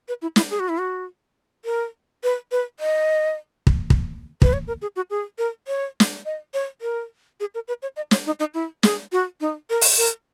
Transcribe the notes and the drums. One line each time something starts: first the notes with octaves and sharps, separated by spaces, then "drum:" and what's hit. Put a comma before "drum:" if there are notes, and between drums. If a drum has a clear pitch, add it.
B4
E4
E4, drum: snare
G#4
F#4
E4
F#4
A#4
B4
B4
D#5
drum: kick
drum: kick
B4, drum: kick
C#5
A#4
G#4
F#4
G#4
A#4
C#5
drum: snare
D#5
C#5
A#4
G#4
A#4
B4
C#5
D#5
C#5, drum: snare
D#4
D#4
E4
G#4, drum: snare
F#4
D#4
A#4
drum: open hi-hat
A#4